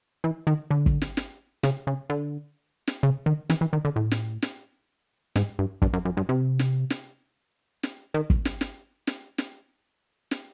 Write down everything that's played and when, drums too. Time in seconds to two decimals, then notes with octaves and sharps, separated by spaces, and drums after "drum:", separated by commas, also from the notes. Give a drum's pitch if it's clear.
0.24 E3
0.47 D#3
0.71 D3
0.86 drum: kick
1.02 drum: snare
1.17 drum: snare
1.63 C#3, drum: snare
1.87 C#3
2.10 D3
2.87 drum: snare
3.03 C#3
3.26 D#3
3.50 E3, drum: snare
3.61 E3
3.73 D#3
3.85 D3
3.96 A2
4.11 drum: snare
4.42 drum: snare
5.36 G#2, drum: snare
5.59 G2
5.82 G2, drum: kick
5.93 F#2
6.05 F#2
6.17 G2
6.29 C3
6.59 drum: snare
6.90 drum: snare
7.83 drum: snare
8.14 D#3
8.30 drum: kick
8.45 drum: snare
8.61 drum: snare
9.07 drum: snare
9.38 drum: snare
10.31 drum: snare